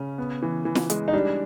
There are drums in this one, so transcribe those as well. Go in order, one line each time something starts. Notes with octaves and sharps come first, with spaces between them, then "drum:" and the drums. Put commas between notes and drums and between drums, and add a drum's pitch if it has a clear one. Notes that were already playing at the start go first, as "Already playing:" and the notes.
Already playing: C#3 C#4
B3
E3
E3
drum: snare
G#3, drum: hi-hat
D#4
G3 D4